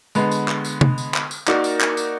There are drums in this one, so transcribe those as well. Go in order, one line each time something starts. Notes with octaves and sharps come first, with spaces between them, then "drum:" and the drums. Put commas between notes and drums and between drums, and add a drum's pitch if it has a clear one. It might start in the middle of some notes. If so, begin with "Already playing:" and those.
D3 G#3 B3, drum: tambourine
drum: tambourine
drum: clap
drum: tambourine
drum: tom C3
drum: tambourine
drum: clap
drum: tambourine
A#3 D#4 F#4 A#4 D5, drum: clap
drum: tambourine
drum: clap
drum: tambourine